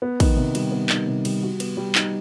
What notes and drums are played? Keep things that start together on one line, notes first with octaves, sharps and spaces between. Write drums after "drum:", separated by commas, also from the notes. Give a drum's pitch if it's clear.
B3
D#3, drum: kick, cymbal
C3
G3, drum: cymbal
B3
D#3, drum: clap
C3
G3, drum: cymbal
F#4
B3, drum: cymbal
G3
D#4, drum: clap